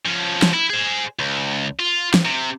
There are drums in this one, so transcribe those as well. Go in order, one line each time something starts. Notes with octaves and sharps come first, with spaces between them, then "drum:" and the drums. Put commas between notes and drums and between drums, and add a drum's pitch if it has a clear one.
F3 C#4
drum: snare
E4
G#4 C5
C#2
F4
drum: snare
C3